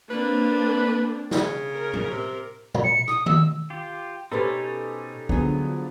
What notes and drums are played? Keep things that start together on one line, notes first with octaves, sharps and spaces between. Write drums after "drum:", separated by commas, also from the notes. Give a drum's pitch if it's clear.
A#3 C4 D4 B4
C#3, drum: snare
A#4
drum: tom
C3
drum: tom A#2
C#7
D#6, drum: rim click
E6, drum: tom D#3
F4 G4
B2 C#4 D#4 G4 A4 B4 C5
D3 F3 F#3 B3 G#4, drum: kick